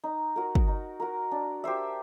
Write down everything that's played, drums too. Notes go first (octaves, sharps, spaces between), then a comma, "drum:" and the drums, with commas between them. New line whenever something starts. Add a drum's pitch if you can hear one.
D#4
F#4 A#4
drum: kick
D#4
F#4 A#4
D4
G4 C5 E5